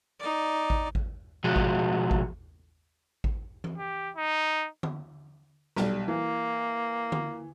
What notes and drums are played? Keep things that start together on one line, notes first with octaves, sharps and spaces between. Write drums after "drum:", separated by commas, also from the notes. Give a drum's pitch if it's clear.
D#4 D5
drum: kick G#1
drum: kick G#1
B2 F3 G#3 F#4
drum: kick G#1
drum: kick G#1
drum: kick G#1
drum: tom E3
G4
D#4
drum: tom D3
B1 G3, drum: snare
E3 A#3
drum: tom D3